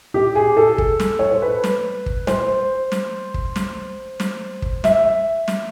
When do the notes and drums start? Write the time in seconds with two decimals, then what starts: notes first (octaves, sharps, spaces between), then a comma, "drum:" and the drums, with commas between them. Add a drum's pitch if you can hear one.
0.14 G4
0.35 G#4
0.57 A4
0.78 drum: kick
1.00 drum: snare
1.19 C#5
1.31 C5
1.42 B4
1.64 drum: snare
2.06 drum: kick
2.27 C5, drum: snare
2.92 drum: snare
3.34 drum: kick
3.56 drum: snare
4.20 drum: snare
4.62 drum: kick
4.84 E5, drum: snare
5.48 drum: snare